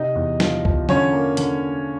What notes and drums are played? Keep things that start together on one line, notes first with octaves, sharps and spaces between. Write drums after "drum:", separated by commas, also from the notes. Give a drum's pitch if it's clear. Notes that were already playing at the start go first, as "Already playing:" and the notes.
Already playing: C3 D#4 D#5
E2
F3, drum: snare
F3, drum: kick
D3 C#4 C#5, drum: tom
A#3
D3, drum: hi-hat